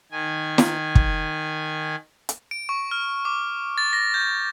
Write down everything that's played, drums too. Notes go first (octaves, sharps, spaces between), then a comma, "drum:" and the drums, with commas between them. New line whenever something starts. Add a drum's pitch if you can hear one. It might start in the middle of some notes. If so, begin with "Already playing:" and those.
D#3 G#5
drum: snare
drum: kick
drum: hi-hat
D7
C#6
F6
D6
A6
A#6
G6